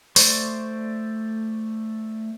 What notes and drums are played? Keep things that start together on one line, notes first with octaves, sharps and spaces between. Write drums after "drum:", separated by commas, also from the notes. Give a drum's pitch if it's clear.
A3 C5 D5 C6 C#6, drum: open hi-hat